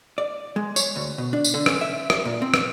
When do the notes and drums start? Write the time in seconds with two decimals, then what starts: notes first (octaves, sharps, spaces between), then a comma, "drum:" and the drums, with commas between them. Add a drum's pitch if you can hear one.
0.18 D5
0.56 G#3
0.76 C#5, drum: tambourine
0.96 D2
1.18 B2
1.33 D4
1.44 drum: tambourine
1.54 D3
1.66 C#4, drum: rim click
1.81 E5
2.10 drum: rim click
2.25 A#2
2.42 C4
2.54 drum: rim click